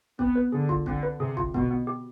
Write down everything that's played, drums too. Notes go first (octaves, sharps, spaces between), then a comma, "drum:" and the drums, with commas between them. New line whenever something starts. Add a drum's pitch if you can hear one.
B3 C4, drum: kick
B4
D3 G#4
F4, drum: kick
D3 C4, drum: kick
B4
C3 G#4
F4, drum: kick
B2 B3, drum: kick
B3
G4